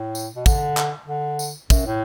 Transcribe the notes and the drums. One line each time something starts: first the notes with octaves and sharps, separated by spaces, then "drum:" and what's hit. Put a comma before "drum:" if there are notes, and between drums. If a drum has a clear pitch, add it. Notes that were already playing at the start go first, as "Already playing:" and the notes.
Already playing: A2
drum: tambourine
B2
D3, drum: kick, tambourine
drum: clap
D3
drum: tambourine
F#2, drum: kick, tambourine
A2